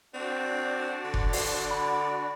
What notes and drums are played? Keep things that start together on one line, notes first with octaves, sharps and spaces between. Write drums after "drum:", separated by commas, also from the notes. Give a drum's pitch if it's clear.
C4 D4 F#4 D5
D3
drum: kick F1
drum: open hi-hat
F#5 B5